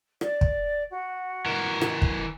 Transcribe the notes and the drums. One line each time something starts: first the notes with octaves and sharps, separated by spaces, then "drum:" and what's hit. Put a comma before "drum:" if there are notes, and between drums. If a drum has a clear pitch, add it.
D5, drum: rim click
drum: kick
F#4
E3 A#4
drum: rim click
drum: kick